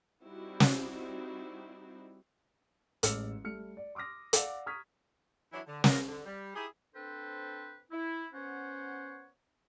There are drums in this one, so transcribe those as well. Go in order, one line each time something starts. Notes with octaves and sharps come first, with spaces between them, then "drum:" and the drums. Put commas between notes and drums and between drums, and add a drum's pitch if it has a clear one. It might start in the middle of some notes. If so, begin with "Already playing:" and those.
G3 C4 D#4 E4 F#4
drum: snare
A1 G#3 C#5 E6 F6 C#7, drum: hi-hat
G3 A3 F6 C#7
D5
C6 D6 D#6 F6 A#6
D5 F5 F#5 D6 E6, drum: hi-hat
A#5 C#6 D#6 F6 G#6 B6
E3 F#3 D4 E4
D3
F3 B3 F4 A#4, drum: snare
D3
G3
D#4 E4 G4 G#4
C4 D4 A4 B4 C5
E4
B3 C#4 C5 C#5 F#5